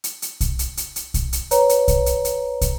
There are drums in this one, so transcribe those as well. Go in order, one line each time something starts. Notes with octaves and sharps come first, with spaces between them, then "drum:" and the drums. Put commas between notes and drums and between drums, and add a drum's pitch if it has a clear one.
drum: hi-hat
drum: hi-hat
drum: kick, hi-hat
drum: hi-hat
drum: hi-hat
drum: hi-hat
drum: kick, hi-hat
drum: hi-hat
B4 C#5 A#5, drum: hi-hat
drum: hi-hat
drum: kick, hi-hat
drum: hi-hat
drum: hi-hat
drum: kick, hi-hat